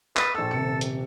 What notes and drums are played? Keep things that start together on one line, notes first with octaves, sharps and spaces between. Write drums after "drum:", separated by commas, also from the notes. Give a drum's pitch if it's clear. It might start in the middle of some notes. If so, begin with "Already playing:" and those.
B4 D#6 A6, drum: clap
A#1 A4 E6
D#1 C3 C#7
drum: hi-hat